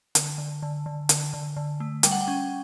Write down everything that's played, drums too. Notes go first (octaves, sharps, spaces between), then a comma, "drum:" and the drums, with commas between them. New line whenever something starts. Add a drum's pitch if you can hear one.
D3, drum: hi-hat
D3
D3
D3
D3, drum: hi-hat
D3
D3
A3
G3 G5, drum: hi-hat
F#5
G5
C#4